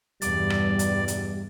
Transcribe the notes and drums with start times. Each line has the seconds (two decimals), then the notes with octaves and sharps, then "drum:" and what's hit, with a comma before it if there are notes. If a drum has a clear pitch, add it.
0.22 E2 G2 B2 G3 D5, drum: hi-hat
0.50 drum: rim click
0.79 drum: hi-hat
1.08 drum: hi-hat